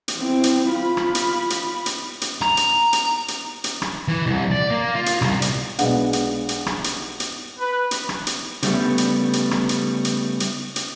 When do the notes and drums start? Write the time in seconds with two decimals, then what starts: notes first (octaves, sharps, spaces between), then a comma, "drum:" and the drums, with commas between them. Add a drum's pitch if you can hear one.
0.08 drum: hi-hat
0.18 C4 E4
0.43 drum: hi-hat
0.70 F4 B5
0.97 drum: rim click
1.15 drum: hi-hat
1.50 drum: hi-hat
1.86 drum: hi-hat
2.21 drum: hi-hat
2.41 A#5, drum: rim click
2.57 drum: hi-hat
2.93 drum: hi-hat
3.28 drum: hi-hat
3.64 drum: hi-hat
3.82 drum: rim click
4.08 E3
4.26 C2
4.51 D5
4.71 A#3
4.95 F4
5.06 drum: hi-hat
5.22 C2, drum: rim click
5.42 drum: hi-hat
5.79 B1 G#3 B3 D4 F#5, drum: hi-hat
6.13 drum: hi-hat
6.49 drum: hi-hat
6.66 drum: rim click
6.84 drum: hi-hat
7.20 drum: hi-hat
7.59 B4
7.91 drum: hi-hat
8.09 drum: rim click
8.27 drum: hi-hat
8.63 C#3 G3 A3 B3, drum: hi-hat
8.98 drum: hi-hat
9.33 drum: hi-hat
9.51 drum: rim click
9.69 drum: hi-hat
10.05 drum: hi-hat
10.40 drum: hi-hat
10.76 drum: hi-hat